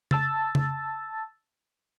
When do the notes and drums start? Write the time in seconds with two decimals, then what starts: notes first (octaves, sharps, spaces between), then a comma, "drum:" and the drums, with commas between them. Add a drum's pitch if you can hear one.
0.11 A5 E6 A6, drum: tom C#3
0.55 drum: tom C#3